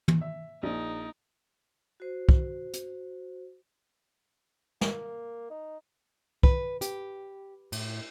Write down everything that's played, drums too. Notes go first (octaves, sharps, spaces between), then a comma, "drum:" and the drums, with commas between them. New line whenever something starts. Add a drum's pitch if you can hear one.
drum: tom
E5
A#1 D#4
F#4 C5
drum: kick
drum: hi-hat
A#3, drum: snare
D#4
B4, drum: kick
G4, drum: hi-hat
A2, drum: cymbal